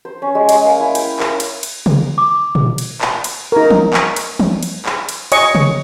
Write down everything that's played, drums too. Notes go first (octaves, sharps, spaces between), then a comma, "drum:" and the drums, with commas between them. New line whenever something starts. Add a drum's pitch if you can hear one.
C5
C#4
G#3
G#3, drum: cymbal
A#3
E4
G5, drum: cymbal
A#4, drum: clap
drum: cymbal
drum: cymbal
drum: tom C3
D6
drum: tom A#2
drum: cymbal
drum: clap
drum: cymbal
D#4 A#4
drum: tom
drum: clap
drum: cymbal
drum: tom
drum: cymbal
drum: clap
drum: cymbal
C#5 D#5 G#5 C#6, drum: cymbal
drum: tom C3